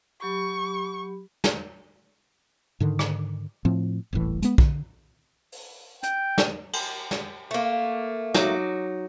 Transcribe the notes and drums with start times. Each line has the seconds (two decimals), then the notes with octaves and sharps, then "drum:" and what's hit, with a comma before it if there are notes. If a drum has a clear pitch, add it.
0.21 F#3 G4 B5 C#6
1.44 drum: snare
2.80 G#2 D3 D#3
2.99 drum: rim click
3.65 A2 F3 C4
4.13 D#1 A1 A2 E3
4.42 G#3 B3, drum: hi-hat
4.58 D3, drum: kick
5.52 drum: open hi-hat
6.03 G5, drum: hi-hat
6.38 drum: snare
6.73 drum: cymbal
7.11 drum: snare
7.51 A3 A#3
8.34 F#3 D#4 D6, drum: snare